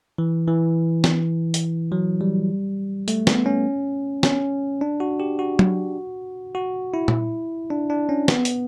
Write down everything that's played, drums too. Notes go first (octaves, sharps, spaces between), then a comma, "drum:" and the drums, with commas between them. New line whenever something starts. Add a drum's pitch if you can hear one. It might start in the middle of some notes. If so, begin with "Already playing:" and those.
E3
E3
drum: snare
drum: hi-hat
F#3
G3
A3, drum: hi-hat
B3, drum: snare
C#4
C#4, drum: snare
D4
F#4
G4
F#4
drum: tom
F#4
E4
drum: tom A#2
D4
D4
C#4
B3, drum: snare
drum: hi-hat